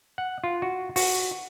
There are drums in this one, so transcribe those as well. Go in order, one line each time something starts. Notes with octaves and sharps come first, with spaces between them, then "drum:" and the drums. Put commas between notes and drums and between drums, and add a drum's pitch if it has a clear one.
F#5
F4
F#4
F#4, drum: open hi-hat